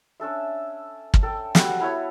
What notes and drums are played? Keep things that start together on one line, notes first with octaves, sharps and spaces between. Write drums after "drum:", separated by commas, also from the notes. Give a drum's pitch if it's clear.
C#4 D4 A4 E5
drum: kick
A4 G5
G3 F#4 A4, drum: snare
B3 E4 A4 C#5